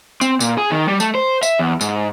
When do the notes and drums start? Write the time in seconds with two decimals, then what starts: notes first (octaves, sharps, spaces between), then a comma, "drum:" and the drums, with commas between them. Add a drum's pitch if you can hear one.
0.21 C4, drum: tambourine
0.40 A#2, drum: tambourine
0.58 G#4
0.71 D#3
0.88 G3
1.00 A3, drum: tambourine
1.15 C5
1.43 E5, drum: tambourine
1.59 E2
1.81 G#2, drum: tambourine